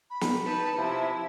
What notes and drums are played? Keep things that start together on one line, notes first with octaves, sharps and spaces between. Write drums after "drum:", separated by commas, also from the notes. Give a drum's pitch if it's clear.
B5
drum: snare
D#4 B4 A5
C3 F3 E4 E5